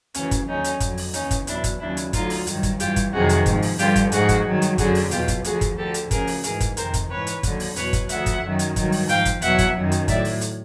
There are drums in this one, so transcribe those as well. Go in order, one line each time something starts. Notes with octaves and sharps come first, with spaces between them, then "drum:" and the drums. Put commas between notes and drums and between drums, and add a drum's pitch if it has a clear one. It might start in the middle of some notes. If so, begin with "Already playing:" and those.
D2 C#3 E3 C#4, drum: hi-hat
drum: kick F#1, hi-hat
D#2 D3 F#3 C#4 D#4
drum: hi-hat
F2 D3 F#3, drum: kick F#1, hi-hat
drum: open hi-hat
D#2 C#3 E3 C#4 D#4, drum: hi-hat
drum: kick F#1, hi-hat
E2 B2 F#3 D4 E4, drum: hi-hat
drum: kick F#1, hi-hat
D#2 C#3 F#3 D4 E4
drum: hi-hat
D2 D3 F#3 D#4 F4, drum: kick F#1, hi-hat
drum: open hi-hat
G2 D#3 F#3, drum: hi-hat
drum: kick F#1, hi-hat
G2 E3 F4 G4, drum: hi-hat
drum: kick F#1, hi-hat
F2 C3 D#3 F#3 F#4 G#4
drum: hi-hat
G#2 F3, drum: kick F#1, hi-hat
drum: open hi-hat
G2 D3 F3 F4 G4, drum: hi-hat
drum: kick F#1, hi-hat
G#2 F3 F#4 G#4, drum: hi-hat
drum: kick F#1, hi-hat
G2 D#3 F#3
drum: hi-hat
F#2 D3 F#3 F#4 G#4, drum: kick F#1, hi-hat
drum: open hi-hat
E2 B2 F#3 F4 G4, drum: hi-hat
drum: kick F#1, hi-hat
D2 D3 F3 F#4 G#4, drum: hi-hat
drum: kick F#1, hi-hat
D2 D3 F3 G4 A4
drum: hi-hat
D2 C#3 F3 G#4 A#4, drum: kick F#1, hi-hat
drum: open hi-hat
G#2 E3 G#4 A#4, drum: hi-hat
drum: kick F#1, hi-hat
F2 C3 D#3 A#4 C5, drum: hi-hat
drum: kick F#1, hi-hat
G#2 E3 B4 C#5
drum: hi-hat
D#2 D3 F#3, drum: kick F#1, hi-hat
drum: open hi-hat
E2 B2 F#3 B4 C#5, drum: hi-hat
drum: kick F#1, hi-hat
D2 D3 F3 E5 F#5, drum: hi-hat
drum: kick F#1, hi-hat
F#2 D#3 F#3
drum: hi-hat
G2 D#3 F#3, drum: kick F#1, hi-hat
drum: open hi-hat
G#2 F3 F5 G5, drum: hi-hat
drum: kick F#1, hi-hat
E2 B2 F#3 E5 F#5, drum: hi-hat
drum: kick F#1, hi-hat
F#2 D#3 F#3
drum: hi-hat
A2 F#3 D5 E5, drum: kick F#1, hi-hat
drum: open hi-hat
drum: hi-hat